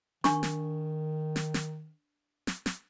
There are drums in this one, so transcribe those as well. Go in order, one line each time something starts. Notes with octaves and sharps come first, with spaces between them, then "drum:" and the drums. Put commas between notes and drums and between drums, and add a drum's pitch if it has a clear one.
D#3 D4 C#6, drum: snare
drum: snare
drum: snare
drum: snare
drum: snare
drum: snare